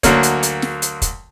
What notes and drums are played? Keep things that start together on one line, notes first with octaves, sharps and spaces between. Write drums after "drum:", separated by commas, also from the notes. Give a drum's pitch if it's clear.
D2 F#3 A#3 C#5, drum: kick, hi-hat
drum: hi-hat
drum: hi-hat
drum: snare
drum: hi-hat
drum: kick, hi-hat